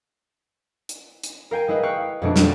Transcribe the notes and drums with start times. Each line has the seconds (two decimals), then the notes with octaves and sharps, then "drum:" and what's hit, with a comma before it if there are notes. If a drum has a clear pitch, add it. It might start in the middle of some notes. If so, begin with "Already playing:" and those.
0.89 drum: hi-hat
1.23 drum: hi-hat
1.51 A#4 F5 G5 G#5
1.68 G#3 E4 B4 D#5
1.83 F5 G5 C#6 F6 F#6
2.00 F5
2.22 F2 B2 G#3 A3 C4 D4
2.36 F#3 D4 A4, drum: snare